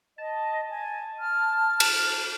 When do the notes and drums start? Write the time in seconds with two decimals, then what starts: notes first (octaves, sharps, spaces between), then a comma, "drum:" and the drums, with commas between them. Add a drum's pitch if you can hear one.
0.18 D#5 A5
0.70 G#5
1.20 F6
1.80 drum: cymbal